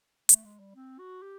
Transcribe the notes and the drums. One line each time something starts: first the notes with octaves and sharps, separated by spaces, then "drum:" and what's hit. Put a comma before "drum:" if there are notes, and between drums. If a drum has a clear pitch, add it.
A3, drum: hi-hat
G#3
G3
C4
F#4
G4